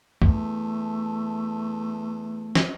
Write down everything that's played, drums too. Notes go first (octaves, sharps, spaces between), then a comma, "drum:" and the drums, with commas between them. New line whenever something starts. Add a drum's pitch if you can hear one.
E2 A3, drum: kick
drum: snare